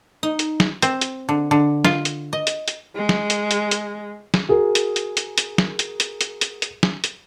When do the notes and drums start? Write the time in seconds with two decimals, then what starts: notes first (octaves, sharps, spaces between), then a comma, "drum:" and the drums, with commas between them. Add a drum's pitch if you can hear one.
0.23 D#4
0.39 drum: hi-hat
0.60 drum: snare
0.82 C4, drum: hi-hat
1.01 drum: hi-hat
1.29 D3
1.51 D3
1.85 F4, drum: snare
2.05 drum: hi-hat
2.33 D#5
2.47 drum: hi-hat
2.68 drum: hi-hat
2.96 G#3
3.09 drum: snare
3.30 drum: hi-hat
3.51 drum: hi-hat
3.71 drum: hi-hat
4.34 drum: snare
4.49 F#4 G#4 A#4
4.75 drum: hi-hat
4.96 drum: hi-hat
5.17 drum: hi-hat
5.38 drum: hi-hat
5.58 drum: snare
5.79 drum: hi-hat
6.00 drum: hi-hat
6.21 drum: hi-hat
6.41 drum: hi-hat
6.62 drum: hi-hat
6.83 drum: snare
7.04 drum: hi-hat